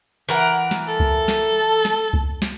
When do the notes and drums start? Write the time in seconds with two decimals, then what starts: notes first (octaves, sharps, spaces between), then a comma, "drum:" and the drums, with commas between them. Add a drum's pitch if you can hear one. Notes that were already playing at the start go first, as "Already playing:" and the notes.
0.29 E3 A#4 F#5
0.71 drum: snare
0.88 A4
1.00 drum: kick C#2
1.28 drum: snare
1.85 drum: snare
2.13 drum: kick C#2
2.42 drum: snare